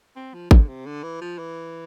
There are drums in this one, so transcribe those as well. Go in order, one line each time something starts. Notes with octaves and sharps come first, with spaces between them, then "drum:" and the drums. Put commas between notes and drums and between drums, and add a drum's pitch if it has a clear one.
C4
F3
D3, drum: kick G#1
C3
D3
E3
F3
E3